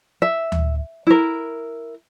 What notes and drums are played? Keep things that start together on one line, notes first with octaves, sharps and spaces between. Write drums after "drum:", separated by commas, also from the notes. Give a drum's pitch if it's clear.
E5
drum: tom D2
E4 A#4